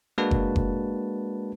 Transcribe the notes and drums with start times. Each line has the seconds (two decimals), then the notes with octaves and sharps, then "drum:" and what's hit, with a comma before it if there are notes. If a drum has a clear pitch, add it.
0.18 G#3 A#3 D4 F#4 B4 A5
0.31 drum: kick F#1
0.56 drum: kick F#1